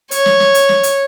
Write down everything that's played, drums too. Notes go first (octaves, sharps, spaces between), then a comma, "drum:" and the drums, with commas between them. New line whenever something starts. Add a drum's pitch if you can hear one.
C#5, drum: hi-hat
drum: snare
drum: snare
drum: hi-hat
drum: snare
drum: hi-hat